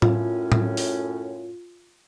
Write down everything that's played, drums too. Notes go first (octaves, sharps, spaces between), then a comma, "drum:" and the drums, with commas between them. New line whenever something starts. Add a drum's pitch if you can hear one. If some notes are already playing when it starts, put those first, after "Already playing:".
F#2 A2 C#4 F4, drum: tom A2
drum: tom A2
drum: open hi-hat